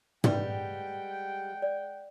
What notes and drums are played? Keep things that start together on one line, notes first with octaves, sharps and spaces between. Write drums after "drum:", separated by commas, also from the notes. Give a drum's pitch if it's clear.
G3 G#3 B4 F#5 G5, drum: tom
D5